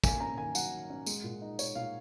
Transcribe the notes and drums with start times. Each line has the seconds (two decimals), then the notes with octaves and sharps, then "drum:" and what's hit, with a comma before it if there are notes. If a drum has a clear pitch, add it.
0.04 A#3 G#5, drum: kick, tambourine
0.20 C#4 A#5
0.38 D#3 G#5
0.55 F#3 F#5, drum: tambourine
0.73 D#3
0.90 C#4
1.06 G#3, drum: tambourine
1.24 A#2
1.42 D#4
1.59 D#4 C#5, drum: tambourine
1.75 A#2 F5